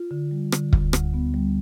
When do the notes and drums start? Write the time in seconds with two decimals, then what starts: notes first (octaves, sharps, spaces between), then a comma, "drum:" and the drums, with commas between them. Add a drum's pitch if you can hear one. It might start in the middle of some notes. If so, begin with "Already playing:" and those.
Already playing: F4
0.11 D3
0.31 G3
0.52 D3, drum: rim click
0.73 D2, drum: kick
0.93 D2, drum: rim click
1.14 B3
1.34 G3